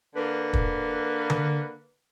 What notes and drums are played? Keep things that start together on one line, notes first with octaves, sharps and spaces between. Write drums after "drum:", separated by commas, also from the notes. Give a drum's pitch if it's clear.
D3 A#3 B4
drum: kick
drum: tom D3